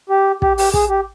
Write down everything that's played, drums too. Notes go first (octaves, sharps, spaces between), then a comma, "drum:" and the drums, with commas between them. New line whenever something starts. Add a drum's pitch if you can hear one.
G4
G4, drum: kick
G4, drum: open hi-hat
G#4, drum: kick
G4